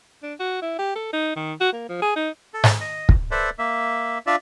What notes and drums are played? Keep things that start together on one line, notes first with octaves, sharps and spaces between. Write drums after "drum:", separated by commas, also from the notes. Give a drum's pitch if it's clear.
D4
F#4
E4
G4
A4
D#4
D#3
F#4
A#3
F3
G#4
D#4
A4
drum: snare G#2
D#5
drum: kick
A4 B4 C5 D5 E5
A#3 E5
D4 F4 D5 E5